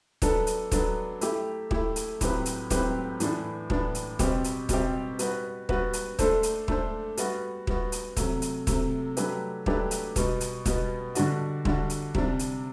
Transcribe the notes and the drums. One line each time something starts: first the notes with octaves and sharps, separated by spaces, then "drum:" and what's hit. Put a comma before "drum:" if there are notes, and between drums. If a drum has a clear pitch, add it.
F#3 B3 D4 A4, drum: kick, hi-hat
drum: hi-hat
F#3 B3 D4 A4, drum: kick, hi-hat
A3 E4 G4, drum: hi-hat
A3 E4 G4, drum: kick
drum: hi-hat
A2 F#3 C4 G4 B4, drum: kick, hi-hat
drum: hi-hat
A2 F#3 C4 G4 B4, drum: kick, hi-hat
A2 E3 B3 D4, drum: hi-hat
A2 E3 B3 D4, drum: kick
drum: hi-hat
B2 G3 C4 G4, drum: kick, hi-hat
drum: hi-hat
B2 G3 C4 G4, drum: kick, hi-hat
G3 B3 F#4 B4, drum: hi-hat
G3 B3 F#4 B4, drum: kick
drum: hi-hat
A3 D4 A4 C5, drum: kick, hi-hat
drum: hi-hat
A3 D4 A4 C5, drum: kick
G3 B3 F#4, drum: hi-hat
G3 B3 F#4, drum: kick
drum: hi-hat
C3 F#3 A3, drum: kick, hi-hat
drum: hi-hat
C3 F#3 A3, drum: kick, hi-hat
F#3 A3 D4 G4 B4, drum: hi-hat
F#3 A3 D4 G4 B4, drum: kick
drum: hi-hat
B2 G3 B3, drum: kick, hi-hat
drum: hi-hat
B2 G3 B3, drum: kick, hi-hat
D3 G3 D4 F#4, drum: hi-hat
D3 G3 D4 F#4, drum: kick
drum: hi-hat
C3 G3 D4, drum: kick
drum: hi-hat